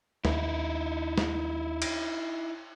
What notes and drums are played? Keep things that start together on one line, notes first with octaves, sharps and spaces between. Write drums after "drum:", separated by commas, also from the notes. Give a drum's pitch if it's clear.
D#2 D#4 E4, drum: snare
drum: snare
drum: cymbal